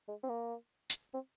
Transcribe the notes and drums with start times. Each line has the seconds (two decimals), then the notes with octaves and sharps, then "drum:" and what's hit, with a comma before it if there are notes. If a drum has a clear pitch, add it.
0.09 G#3
0.23 C4
0.29 A#3
0.90 drum: hi-hat
1.14 C4